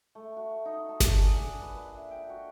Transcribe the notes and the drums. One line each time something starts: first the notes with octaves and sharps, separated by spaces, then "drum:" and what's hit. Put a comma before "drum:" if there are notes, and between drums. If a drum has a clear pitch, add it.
A3
F#4
D#4
A5
D4, drum: snare G1
G#4
D4
B4
A#2
E5
G5
F#4